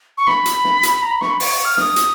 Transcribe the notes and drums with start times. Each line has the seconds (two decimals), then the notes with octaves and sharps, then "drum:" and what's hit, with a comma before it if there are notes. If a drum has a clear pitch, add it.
0.18 C#6
0.27 B5, drum: snare
0.46 drum: hi-hat
0.64 drum: snare
0.83 drum: hi-hat
1.02 A#5
1.11 B5
1.21 C#6, drum: snare
1.30 B5
1.40 C#6, drum: open hi-hat
1.52 C#6
1.65 F6
1.77 D#6, drum: snare
1.96 drum: hi-hat